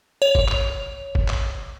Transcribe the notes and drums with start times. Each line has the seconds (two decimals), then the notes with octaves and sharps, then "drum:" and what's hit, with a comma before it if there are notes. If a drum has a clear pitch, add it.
0.22 C#5 F7
0.35 drum: kick G1
0.48 drum: clap
1.15 drum: kick G1
1.28 drum: clap